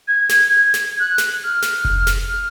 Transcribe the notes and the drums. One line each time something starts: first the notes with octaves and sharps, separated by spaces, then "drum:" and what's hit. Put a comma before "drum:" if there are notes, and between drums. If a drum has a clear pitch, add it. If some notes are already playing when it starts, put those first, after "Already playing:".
G#6
drum: snare
G#6
drum: snare
F#6
drum: snare
F6
drum: snare
drum: kick F1
drum: snare